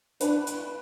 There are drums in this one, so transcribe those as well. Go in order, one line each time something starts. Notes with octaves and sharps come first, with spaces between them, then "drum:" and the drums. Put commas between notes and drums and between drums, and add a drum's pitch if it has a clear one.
D4 B4, drum: hi-hat
drum: hi-hat